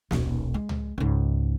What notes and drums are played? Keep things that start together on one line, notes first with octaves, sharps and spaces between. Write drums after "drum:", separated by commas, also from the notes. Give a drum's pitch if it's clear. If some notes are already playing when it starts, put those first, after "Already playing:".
D#1 B1, drum: snare
G#3
drum: tom C#2
C#2 G#2